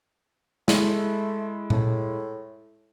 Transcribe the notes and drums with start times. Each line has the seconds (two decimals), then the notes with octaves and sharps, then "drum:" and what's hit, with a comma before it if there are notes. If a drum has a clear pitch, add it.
0.68 G#3 A3 E4, drum: snare
1.70 A2, drum: tom A#2